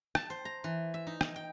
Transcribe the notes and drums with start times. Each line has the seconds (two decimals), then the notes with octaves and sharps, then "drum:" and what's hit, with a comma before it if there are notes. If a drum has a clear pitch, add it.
0.15 A5, drum: rim click
0.30 C5
0.45 A#5
0.64 E3
0.94 E5
1.07 D#4
1.21 drum: rim click
1.36 G5